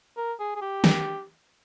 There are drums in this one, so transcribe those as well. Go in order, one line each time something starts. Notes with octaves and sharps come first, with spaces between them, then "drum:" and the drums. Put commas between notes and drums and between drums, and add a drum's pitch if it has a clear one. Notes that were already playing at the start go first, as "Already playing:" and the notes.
A#4
G#4
G#4
G4
drum: snare